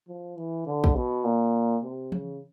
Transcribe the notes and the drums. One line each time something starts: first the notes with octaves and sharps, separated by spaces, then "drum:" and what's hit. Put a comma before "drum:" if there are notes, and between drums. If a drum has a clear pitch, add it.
F3
E3
D3
drum: kick
B2
A#2
C3
C#3, drum: tom E3